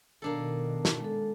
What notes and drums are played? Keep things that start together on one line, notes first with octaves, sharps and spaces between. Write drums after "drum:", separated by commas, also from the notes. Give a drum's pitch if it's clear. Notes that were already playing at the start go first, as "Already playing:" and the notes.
B2 D#3 A#3 D4 A4
drum: snare
G#3 A4